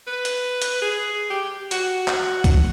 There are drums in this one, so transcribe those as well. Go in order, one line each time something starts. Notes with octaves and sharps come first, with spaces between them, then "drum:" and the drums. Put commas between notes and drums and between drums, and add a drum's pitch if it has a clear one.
B4
drum: hi-hat
drum: hi-hat
G#4
G4
F#4, drum: hi-hat
drum: clap
drum: kick C2, hi-hat